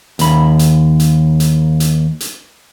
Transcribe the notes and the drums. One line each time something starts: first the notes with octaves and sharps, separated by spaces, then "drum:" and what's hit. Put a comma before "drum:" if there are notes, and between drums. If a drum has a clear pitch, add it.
D#2 B5, drum: hi-hat
drum: hi-hat
drum: hi-hat
drum: hi-hat
drum: hi-hat
drum: hi-hat